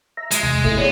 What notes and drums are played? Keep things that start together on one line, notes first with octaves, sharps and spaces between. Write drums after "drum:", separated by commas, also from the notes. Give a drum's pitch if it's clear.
E5 A#5
G#3, drum: hi-hat
E2 C3
A3 E4, drum: kick
B3 G#4 C#5 D5